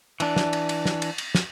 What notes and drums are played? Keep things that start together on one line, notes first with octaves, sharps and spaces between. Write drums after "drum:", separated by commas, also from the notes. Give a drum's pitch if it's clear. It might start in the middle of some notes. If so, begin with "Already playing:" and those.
E3 D4, drum: cymbal
drum: snare
drum: cymbal
drum: cymbal
drum: snare
drum: cymbal
drum: cymbal
drum: snare